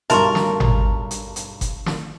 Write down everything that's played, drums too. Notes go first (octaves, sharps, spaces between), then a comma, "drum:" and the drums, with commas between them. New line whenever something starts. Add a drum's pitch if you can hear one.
B1 G2 A#4 E5 A5 A#5 C6 C#6, drum: hi-hat
drum: snare
drum: tom G#1
drum: hi-hat
drum: hi-hat
drum: kick F#1, hi-hat
drum: snare